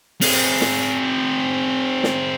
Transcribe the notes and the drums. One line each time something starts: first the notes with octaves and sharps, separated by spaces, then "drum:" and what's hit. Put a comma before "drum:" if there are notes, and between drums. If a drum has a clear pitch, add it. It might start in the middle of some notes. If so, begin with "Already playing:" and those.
C4 G#4, drum: open hi-hat
drum: snare
drum: snare